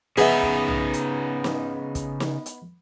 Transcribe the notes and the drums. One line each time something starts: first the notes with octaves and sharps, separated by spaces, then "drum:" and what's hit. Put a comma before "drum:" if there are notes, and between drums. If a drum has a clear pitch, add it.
C#3 B3 D#4 G#4 E5
drum: kick
drum: tom
drum: hi-hat
drum: snare
drum: kick, hi-hat
drum: snare
drum: hi-hat